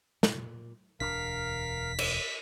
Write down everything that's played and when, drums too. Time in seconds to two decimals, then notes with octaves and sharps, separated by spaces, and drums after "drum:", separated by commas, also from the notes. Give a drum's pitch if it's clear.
0.23 A#2, drum: snare
1.00 E1 D2 D4 A#4 F5 B6
1.99 drum: cymbal